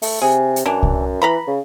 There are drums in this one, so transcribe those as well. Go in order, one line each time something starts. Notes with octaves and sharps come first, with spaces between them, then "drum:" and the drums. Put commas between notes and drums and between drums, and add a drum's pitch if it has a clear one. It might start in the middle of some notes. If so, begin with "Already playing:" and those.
A3, drum: open hi-hat
C3 G#4
drum: hi-hat
F#2 E3 D4
drum: kick C2
E3 B4 A#5 B5
C#3